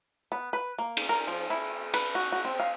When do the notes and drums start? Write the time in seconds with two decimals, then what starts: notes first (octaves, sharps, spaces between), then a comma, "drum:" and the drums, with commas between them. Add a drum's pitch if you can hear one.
0.32 B3
0.53 B4
0.78 A#3
0.97 drum: cymbal
1.09 A#4
1.27 F3
1.50 E4
1.94 B4, drum: cymbal
2.15 F#4
2.32 F#4
2.45 C4
2.60 F5